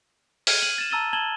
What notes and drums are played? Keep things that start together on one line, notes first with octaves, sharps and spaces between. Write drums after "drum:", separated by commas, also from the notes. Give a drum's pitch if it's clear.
F6 G#6 D#7, drum: open hi-hat
D#7 F#7
A6 E7
A5 A#5 E6 A6 D#7 G7
A5 G#6 E7 F#7 G7